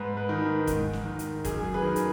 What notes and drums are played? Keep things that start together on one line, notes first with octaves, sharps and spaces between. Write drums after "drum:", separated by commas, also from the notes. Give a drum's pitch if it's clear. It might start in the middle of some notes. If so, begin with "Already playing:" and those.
Already playing: G#2 B4
B4
D#3
G#2, drum: kick, hi-hat
drum: snare
D#3
drum: hi-hat
F#2 G#4, drum: kick, hi-hat
G#4
B4
D#3 G#4
drum: hi-hat